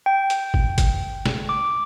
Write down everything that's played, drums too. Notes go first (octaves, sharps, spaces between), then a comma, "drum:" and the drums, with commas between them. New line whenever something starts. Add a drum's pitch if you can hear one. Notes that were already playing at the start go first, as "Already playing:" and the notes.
G5
drum: hi-hat
drum: kick G#1
drum: kick G#1, hi-hat
drum: snare
D6